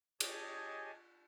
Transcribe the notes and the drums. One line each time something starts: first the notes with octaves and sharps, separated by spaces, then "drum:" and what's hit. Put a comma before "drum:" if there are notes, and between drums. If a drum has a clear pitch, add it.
G4 G#4 C#5 D#5 G#5 A5, drum: cymbal